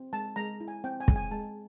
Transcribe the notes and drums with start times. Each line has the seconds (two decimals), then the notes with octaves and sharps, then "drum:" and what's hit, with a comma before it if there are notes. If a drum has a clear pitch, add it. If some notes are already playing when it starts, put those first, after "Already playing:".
Already playing: C4
0.13 G#3 A5
0.36 G#3 A#5
0.60 E4
0.68 G#5
0.84 C4 G5
1.01 G#5
1.08 G#3, drum: kick
1.16 G#5
1.31 G#3 A5